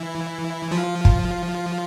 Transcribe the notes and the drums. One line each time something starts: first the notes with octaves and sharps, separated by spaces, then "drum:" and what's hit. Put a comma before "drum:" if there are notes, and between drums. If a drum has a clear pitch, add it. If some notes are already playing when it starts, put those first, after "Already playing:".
Already playing: E3 E4
F3 F4
drum: kick